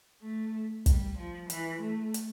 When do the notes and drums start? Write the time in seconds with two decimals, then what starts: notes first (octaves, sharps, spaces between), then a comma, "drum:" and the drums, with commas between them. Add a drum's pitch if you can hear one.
0.22 A3
0.86 G3, drum: kick, hi-hat
1.18 F3
1.50 E3, drum: hi-hat
1.82 A3
2.14 drum: hi-hat